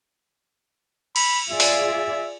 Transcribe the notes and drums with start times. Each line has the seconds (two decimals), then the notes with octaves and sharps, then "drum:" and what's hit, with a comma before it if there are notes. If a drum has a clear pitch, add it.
1.16 B5, drum: cymbal
1.50 F4 G#4 D5 E5
1.60 drum: open hi-hat